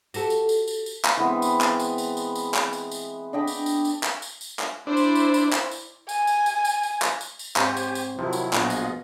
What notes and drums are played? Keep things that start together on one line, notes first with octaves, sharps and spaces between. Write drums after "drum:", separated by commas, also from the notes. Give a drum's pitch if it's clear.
F#4 G4 A4, drum: tambourine
drum: tambourine
drum: tambourine
drum: tambourine
drum: tambourine
drum: clap
E3 G#3 B3 C4
drum: tambourine
drum: clap
drum: tambourine
drum: tambourine
drum: tambourine
drum: tambourine
drum: clap
drum: tambourine
drum: tambourine
D4 D#5 G5 B5
drum: tambourine
drum: tambourine
drum: tambourine
drum: clap
drum: tambourine
drum: tambourine
drum: clap
D4 E4 C5 D5
drum: tambourine
drum: tambourine
drum: tambourine
drum: clap
drum: tambourine
G#5, drum: tambourine
drum: tambourine
drum: tambourine
drum: tambourine
drum: tambourine
drum: clap
drum: tambourine
drum: tambourine
G#2 C4 G4 C5 C#5 G#5, drum: clap
drum: tambourine
drum: tambourine
C3 D#3 F3 F#3 E4
drum: tambourine
A#1 B2 F#3 F4 G#4 D#5 F#5, drum: clap
drum: tambourine